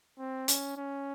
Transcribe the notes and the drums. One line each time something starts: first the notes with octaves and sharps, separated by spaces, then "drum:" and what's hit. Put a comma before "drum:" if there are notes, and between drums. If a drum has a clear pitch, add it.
C4
C#4, drum: hi-hat
C#4